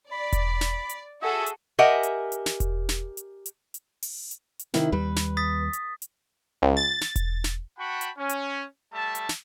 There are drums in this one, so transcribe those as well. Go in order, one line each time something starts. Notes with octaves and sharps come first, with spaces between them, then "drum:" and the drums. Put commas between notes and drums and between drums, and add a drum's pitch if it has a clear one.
D5 B5
drum: kick E1, hi-hat
drum: snare
drum: hi-hat
F#4 G#4 A4 E5
drum: hi-hat
G4 A#4 D#5 E5 F#5 G#5
drum: hi-hat
drum: hi-hat
drum: snare
drum: kick E1, hi-hat
drum: snare
drum: hi-hat
drum: hi-hat
drum: hi-hat
drum: open hi-hat
drum: hi-hat
drum: hi-hat
C3 D#3 E4, drum: snare
D#2 G3 B4
drum: snare
D#6 A6 B6
drum: hi-hat
drum: hi-hat
C#2
A6
drum: snare
drum: kick E1, hi-hat
drum: snare
F#4 F#5 G5 A5 B5 C#6
drum: hi-hat
C#4
drum: hi-hat
G3 A3 E5 A5
drum: hi-hat
drum: snare